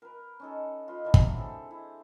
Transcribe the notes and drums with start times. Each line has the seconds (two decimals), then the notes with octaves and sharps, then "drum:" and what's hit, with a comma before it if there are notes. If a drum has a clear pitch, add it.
0.02 A#4 B4
0.40 C#4 D#4 A4
0.88 F4 B4 D#5
1.04 E3 F#3 D4 A#4
1.14 drum: kick
1.36 C4 G#4 A4
1.71 E4